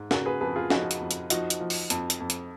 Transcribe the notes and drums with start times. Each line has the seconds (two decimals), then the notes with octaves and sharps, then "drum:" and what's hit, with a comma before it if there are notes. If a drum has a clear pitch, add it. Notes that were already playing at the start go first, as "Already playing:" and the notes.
Already playing: G#2
0.11 C#3 F#4 A#4, drum: snare
0.26 G#4 B4
0.41 F2 G#4 B4
0.56 F4 G#4
0.70 F3 D#4 F#4, drum: snare
0.91 drum: hi-hat
1.01 F2
1.11 drum: hi-hat
1.30 F3 D#4 F#4, drum: hi-hat
1.50 drum: hi-hat
1.60 F3
1.70 drum: open hi-hat
1.90 F2, drum: hi-hat
2.10 drum: hi-hat
2.20 F2
2.30 drum: hi-hat